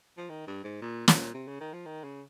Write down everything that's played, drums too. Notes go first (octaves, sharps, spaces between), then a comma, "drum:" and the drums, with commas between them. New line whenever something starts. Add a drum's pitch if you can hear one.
F3
D#3
G2
G#2
A#2
A#2, drum: snare
C3
C#3
D#3
F3
D#3
C#3